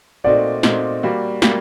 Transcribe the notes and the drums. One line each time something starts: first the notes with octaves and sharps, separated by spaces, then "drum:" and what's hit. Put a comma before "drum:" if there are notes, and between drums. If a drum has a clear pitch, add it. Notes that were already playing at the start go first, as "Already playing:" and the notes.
A#2 A3 C4 D#4 F#4 D5
A#2 A3 C4 D#4 F#4, drum: snare
G3 A#3 F#4
G3 A#3 F#4, drum: snare